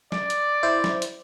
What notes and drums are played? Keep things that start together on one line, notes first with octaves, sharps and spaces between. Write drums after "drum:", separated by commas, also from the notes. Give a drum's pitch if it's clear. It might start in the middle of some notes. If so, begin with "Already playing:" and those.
D5, drum: snare
drum: hi-hat
E4 C5
drum: snare
drum: hi-hat